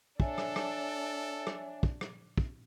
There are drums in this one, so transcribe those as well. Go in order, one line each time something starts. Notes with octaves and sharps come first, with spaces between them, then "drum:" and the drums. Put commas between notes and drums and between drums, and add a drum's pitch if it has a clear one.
D4 A4 C#5 E5 G#5, drum: kick
drum: rim click
drum: rim click
drum: rim click
drum: kick
drum: rim click
drum: kick